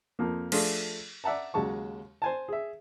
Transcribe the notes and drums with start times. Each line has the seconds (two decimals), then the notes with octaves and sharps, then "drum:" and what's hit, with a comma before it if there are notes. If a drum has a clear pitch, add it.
0.19 F2 F3 A#3
0.52 F3 A3 D4 F4 G#4 A4, drum: cymbal
1.24 D5 E5 F#5 A5 A#5
1.54 D#2 C#3 F#3 G#3 A5 C#6
2.22 C5 G#5 A5
2.48 G#4 E5